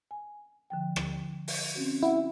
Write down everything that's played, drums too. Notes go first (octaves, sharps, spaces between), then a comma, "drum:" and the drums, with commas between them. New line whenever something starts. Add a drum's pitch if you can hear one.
G#5
D3 F3 G5
drum: rim click
drum: open hi-hat
C4 C#4 F#4
E4 F#5